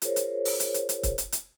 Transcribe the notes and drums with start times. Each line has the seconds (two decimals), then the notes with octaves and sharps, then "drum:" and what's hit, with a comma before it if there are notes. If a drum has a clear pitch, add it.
0.02 F4 G#4 A#4 C5 C#5, drum: hi-hat
0.16 drum: hi-hat
0.45 drum: open hi-hat
0.60 drum: hi-hat
0.74 drum: hi-hat
0.89 drum: hi-hat
1.03 drum: kick, hi-hat
1.18 drum: hi-hat
1.32 drum: hi-hat